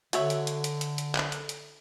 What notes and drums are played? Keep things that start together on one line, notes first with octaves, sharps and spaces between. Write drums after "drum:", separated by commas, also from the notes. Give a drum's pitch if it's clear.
D3 F#4 C#5 E5, drum: hi-hat
drum: hi-hat
drum: hi-hat
drum: hi-hat
drum: hi-hat
drum: hi-hat
drum: clap
drum: hi-hat
drum: hi-hat